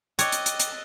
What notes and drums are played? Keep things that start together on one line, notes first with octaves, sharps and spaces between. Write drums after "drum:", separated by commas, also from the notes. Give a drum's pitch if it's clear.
C#5 D#5 G5 D6 E6 F#6 A6, drum: hi-hat
drum: hi-hat
drum: hi-hat
drum: hi-hat